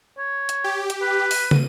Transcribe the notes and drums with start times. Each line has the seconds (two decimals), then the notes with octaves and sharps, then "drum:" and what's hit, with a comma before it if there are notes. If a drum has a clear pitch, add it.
0.18 C#5
0.49 drum: hi-hat
0.64 G4
0.90 drum: hi-hat
1.02 B4
1.31 D#7, drum: open hi-hat
1.51 drum: tom